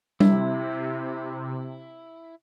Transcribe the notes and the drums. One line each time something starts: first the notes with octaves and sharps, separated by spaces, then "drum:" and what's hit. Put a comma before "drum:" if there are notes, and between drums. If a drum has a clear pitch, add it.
C3 E4, drum: tom G3